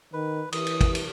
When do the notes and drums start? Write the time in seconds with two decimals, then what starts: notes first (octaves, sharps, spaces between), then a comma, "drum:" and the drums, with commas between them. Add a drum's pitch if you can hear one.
0.13 D#3 B4
0.52 E3 D#6, drum: cymbal
0.67 drum: cymbal
0.81 drum: kick, cymbal
0.95 drum: cymbal